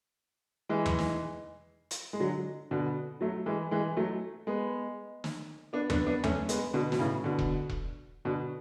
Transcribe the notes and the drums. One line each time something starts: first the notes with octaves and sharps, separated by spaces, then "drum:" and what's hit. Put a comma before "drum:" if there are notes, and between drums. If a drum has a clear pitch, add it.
E3 G#3
drum: tom E2
drum: snare
drum: hi-hat
G#3
D3 F#3
B2 D3
F#3 A3
E3 G#3
E3 G#3
F#3 A3
G#3 B3
drum: snare
B3 D4
B3 D4, drum: tom E2
B3 D4
A3 C#4, drum: tom E2
G#3 B3, drum: hi-hat
B2 D3
B2, drum: snare
A2 C#3
B2 D3
drum: kick E1
drum: kick E1
B2 D3